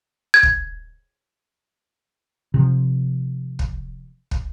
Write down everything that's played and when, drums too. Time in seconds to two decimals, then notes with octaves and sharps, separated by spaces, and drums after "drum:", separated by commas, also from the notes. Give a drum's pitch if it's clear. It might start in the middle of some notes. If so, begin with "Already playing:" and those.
0.34 G#6
0.43 drum: kick
2.54 C3 F3
3.59 drum: kick
4.31 drum: kick